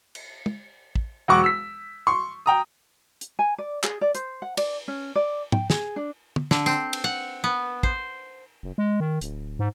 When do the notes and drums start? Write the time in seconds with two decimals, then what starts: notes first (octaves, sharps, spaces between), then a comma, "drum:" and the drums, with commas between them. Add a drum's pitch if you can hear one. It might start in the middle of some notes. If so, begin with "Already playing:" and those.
0.15 drum: cymbal
0.46 drum: tom
0.95 drum: kick
1.28 E1 F#3 F#4 F#5 C#6 D6
1.44 E6 B6
2.07 C6 C#6
2.46 G5 A#5 D#6
3.21 drum: hi-hat
3.39 G#5
3.58 D5
3.84 G#4, drum: clap
4.01 D5
4.15 C5, drum: hi-hat
4.42 F#5
4.57 D5, drum: cymbal
4.88 C#4
5.16 D5
5.52 G5, drum: tom
5.70 G#4, drum: snare
5.96 D4
6.36 drum: tom
6.51 D3, drum: snare
6.66 C4, drum: tambourine
6.93 drum: cymbal
7.04 F#5
7.44 B3
7.83 C5, drum: kick
8.63 F#1
8.78 G#3
9.00 D#3
9.21 D1, drum: hi-hat
9.59 G#2